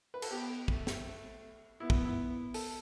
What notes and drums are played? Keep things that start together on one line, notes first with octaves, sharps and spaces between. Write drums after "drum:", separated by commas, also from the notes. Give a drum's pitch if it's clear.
B4
A4, drum: cymbal
B3 G4
A3, drum: kick
drum: snare
B3 E4
drum: kick
E4
A4, drum: open hi-hat